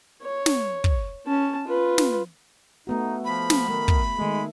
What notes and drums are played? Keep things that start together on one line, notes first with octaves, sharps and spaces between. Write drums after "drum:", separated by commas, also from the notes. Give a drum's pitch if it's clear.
C#5
drum: snare
drum: kick
C#4 A5
F4 B4
drum: snare
A3 B3 D#4 F#4
F3 B5
drum: snare
D#3 A3
drum: kick
D#3 G#3 A3